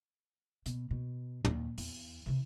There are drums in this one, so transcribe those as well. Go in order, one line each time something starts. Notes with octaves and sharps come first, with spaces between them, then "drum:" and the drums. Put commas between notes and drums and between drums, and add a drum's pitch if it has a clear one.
B2, drum: hi-hat
B2
D#2 D#3, drum: tom
E2, drum: open hi-hat
C3 E3